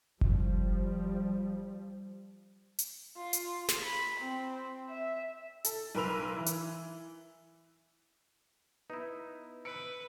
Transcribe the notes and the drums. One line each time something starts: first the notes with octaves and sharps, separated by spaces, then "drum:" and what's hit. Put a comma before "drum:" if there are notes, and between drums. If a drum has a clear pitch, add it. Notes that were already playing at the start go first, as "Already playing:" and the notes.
F3 G3, drum: kick F#1
drum: hi-hat
F4
drum: hi-hat
drum: snare
B5
C4
E5
A4, drum: hi-hat
B1 A#4 B4 C6 E6 F7
E3
drum: hi-hat
B3 D#4 E4
B4 E6 C#7 D7